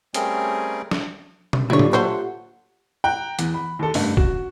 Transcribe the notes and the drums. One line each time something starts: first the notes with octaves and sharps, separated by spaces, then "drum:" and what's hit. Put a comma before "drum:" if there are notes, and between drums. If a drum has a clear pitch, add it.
G3 A3 C4 C#4 G#4 A#4, drum: hi-hat
drum: snare
drum: tom B2
A#2 D3 F#3 E4 F4 G4 C#5 D5
drum: tom A2
A3 C5 C#5 F#5
G5 A#5 F#6
E2, drum: hi-hat
B5
D#2 A4
F#1 G2 A3, drum: open hi-hat
F#4, drum: kick